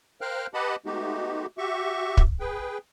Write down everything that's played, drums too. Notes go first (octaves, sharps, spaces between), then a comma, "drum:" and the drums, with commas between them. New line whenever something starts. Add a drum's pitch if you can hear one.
A#4 C5 F5 G5 F6 F#6
G4 B4 D#5 F#5 A5 B5
G#3 A3 B3 D#4 F#4 G4
F#4 G4 E5 C#6
drum: kick
G#4 B4 G5